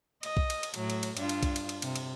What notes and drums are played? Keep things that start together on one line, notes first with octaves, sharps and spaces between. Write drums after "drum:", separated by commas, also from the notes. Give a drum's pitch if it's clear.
D#5, drum: cymbal
drum: kick B1
drum: cymbal
drum: cymbal
A2 F#3, drum: cymbal
drum: cymbal
drum: cymbal
G2 D4 F4, drum: cymbal
drum: cymbal
drum: kick B1, cymbal
drum: cymbal
drum: cymbal
C3, drum: cymbal
drum: cymbal